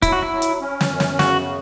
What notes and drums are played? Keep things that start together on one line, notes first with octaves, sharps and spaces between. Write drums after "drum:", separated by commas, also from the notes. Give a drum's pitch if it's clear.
F#3 E4, drum: kick, hi-hat
F#4
E4
F#3
drum: hi-hat
C#4
drum: snare
F#2
drum: snare
C#3 F#4, drum: snare